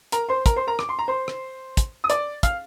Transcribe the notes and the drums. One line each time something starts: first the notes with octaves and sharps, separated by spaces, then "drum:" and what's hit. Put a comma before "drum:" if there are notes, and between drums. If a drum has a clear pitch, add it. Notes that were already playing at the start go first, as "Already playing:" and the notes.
A#4 A#5, drum: hi-hat
C5 C6
A#4 A#5, drum: kick, hi-hat
C5 C6
A#4 A#5
D6, drum: rim click
C6
A#5
C5 C6
drum: rim click
drum: kick, hi-hat
D#6
D5 D6, drum: hi-hat
F5 F6, drum: kick, hi-hat